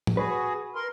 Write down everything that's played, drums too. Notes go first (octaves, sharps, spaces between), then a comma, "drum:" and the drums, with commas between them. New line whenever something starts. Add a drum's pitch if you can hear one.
drum: tom
F#4 G#4 B4
A#4 C6